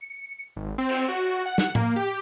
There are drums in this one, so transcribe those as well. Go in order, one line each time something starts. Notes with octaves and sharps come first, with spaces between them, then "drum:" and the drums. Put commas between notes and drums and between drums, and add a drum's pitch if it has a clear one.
C#7
G#1
C4
drum: cymbal
F#4
F#5
drum: snare
A#3, drum: tom A2
G4